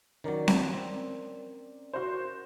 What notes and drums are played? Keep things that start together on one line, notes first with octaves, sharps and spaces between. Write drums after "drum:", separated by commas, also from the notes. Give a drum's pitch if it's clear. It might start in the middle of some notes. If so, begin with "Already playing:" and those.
D#3 F#3 C#4 A#4 D5
drum: snare C4
C4
F#4 C5